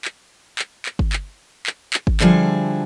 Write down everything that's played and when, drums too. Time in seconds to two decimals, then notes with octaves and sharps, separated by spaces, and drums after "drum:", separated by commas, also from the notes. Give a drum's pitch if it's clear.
0.05 drum: clap
0.59 drum: clap
0.86 drum: clap
0.99 drum: kick G1
1.13 drum: clap
1.67 drum: clap
1.93 drum: clap
2.07 drum: kick G1
2.20 D3 F3 G3 E4 F4 G#4, drum: clap